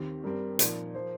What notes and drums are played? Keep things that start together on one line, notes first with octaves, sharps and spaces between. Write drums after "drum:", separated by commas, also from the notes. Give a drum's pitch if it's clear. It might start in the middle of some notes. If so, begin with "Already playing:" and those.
Already playing: D#2 D#3 C4 G4
G2 G3 C4 A#4
A#2 F3 D#4, drum: hi-hat
F3 C5